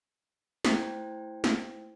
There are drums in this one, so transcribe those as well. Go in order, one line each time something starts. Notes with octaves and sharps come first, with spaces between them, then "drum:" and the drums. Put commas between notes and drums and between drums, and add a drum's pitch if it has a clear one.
A3 E4 C5 G5 G#6, drum: snare
drum: snare